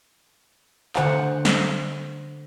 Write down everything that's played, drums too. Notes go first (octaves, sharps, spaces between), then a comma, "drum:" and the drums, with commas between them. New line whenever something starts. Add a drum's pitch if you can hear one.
D3 C5 F#5, drum: clap
drum: snare